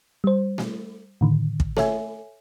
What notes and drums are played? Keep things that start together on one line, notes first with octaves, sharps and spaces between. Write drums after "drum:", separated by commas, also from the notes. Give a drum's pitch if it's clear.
G3 C5
drum: snare A3
A2 D3 D#3
drum: kick
A4 C#5 E5 G#5, drum: snare A3